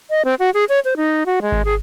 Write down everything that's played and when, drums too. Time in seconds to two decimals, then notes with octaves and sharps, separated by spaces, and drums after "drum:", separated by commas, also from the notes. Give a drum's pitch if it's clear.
0.10 D#5
0.25 C4
0.39 F#4
0.54 G#4
0.69 C#5
0.85 C5
0.97 D#4
1.26 F#4
1.42 G#3
1.52 drum: kick G#1
1.65 G#4